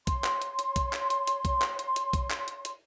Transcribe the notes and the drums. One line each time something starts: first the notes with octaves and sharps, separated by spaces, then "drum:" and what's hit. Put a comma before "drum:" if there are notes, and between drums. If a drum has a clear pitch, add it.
C#5 C6, drum: kick B1, hi-hat
drum: clap
drum: hi-hat
drum: hi-hat
drum: kick B1, hi-hat
drum: clap
drum: hi-hat
drum: hi-hat
drum: kick B1, hi-hat
drum: clap
drum: hi-hat
drum: hi-hat
drum: kick B1, hi-hat
drum: clap
drum: hi-hat
drum: hi-hat